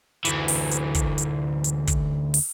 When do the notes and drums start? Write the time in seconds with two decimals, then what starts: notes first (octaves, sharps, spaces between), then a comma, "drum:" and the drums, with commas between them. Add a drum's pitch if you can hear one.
0.25 D2 E3, drum: hi-hat
0.48 drum: open hi-hat
0.71 drum: hi-hat
0.95 drum: kick, hi-hat
1.18 drum: hi-hat
1.64 drum: hi-hat
1.87 drum: kick, hi-hat
2.34 drum: open hi-hat